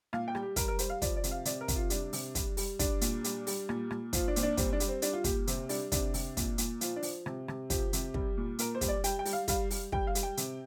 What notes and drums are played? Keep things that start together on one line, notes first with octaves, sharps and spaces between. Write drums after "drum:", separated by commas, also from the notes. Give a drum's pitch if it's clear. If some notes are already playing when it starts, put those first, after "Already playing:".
A#2 F5, drum: rim click
G5
G3, drum: rim click
G4
G3 A#4, drum: kick, hi-hat
A#4
G3 C5, drum: hi-hat
F5
F3 D5, drum: kick, hi-hat
D5
C3, drum: hi-hat
F5
C3 D5, drum: hi-hat
A#4
C3, drum: kick, hi-hat
F4
G3 D4, drum: hi-hat
C3, drum: open hi-hat
G3, drum: kick, hi-hat
G3, drum: open hi-hat
G3 D4, drum: kick, hi-hat
A#2, drum: hi-hat
G3, drum: hi-hat
G3, drum: open hi-hat
A#2, drum: rim click
A#2, drum: rim click
F3 F4, drum: kick, hi-hat
D4
A#2 C4, drum: hi-hat
D4
G3 C4, drum: kick, hi-hat
D4
G3, drum: hi-hat
C4
G3 D4, drum: hi-hat
F4
A#2 G4, drum: kick, hi-hat
C3 C4, drum: hi-hat
G3 D4, drum: open hi-hat
C3 D4, drum: kick, hi-hat
C3, drum: open hi-hat
A#2, drum: kick, hi-hat
A#2, drum: hi-hat
F3 F4, drum: hi-hat
D4
F3, drum: open hi-hat
C3, drum: rim click
C3, drum: rim click
F3 G4, drum: kick, hi-hat
C3, drum: hi-hat
G3, drum: kick
A#2
A#2 A#4, drum: hi-hat
C5
G3, drum: kick, hi-hat
D5
G3 G5, drum: hi-hat
G5
G3, drum: open hi-hat
F5
G3 F5, drum: kick, hi-hat
G3, drum: open hi-hat
G3 G5, drum: kick
F5
G3, drum: hi-hat
G5
C3, drum: hi-hat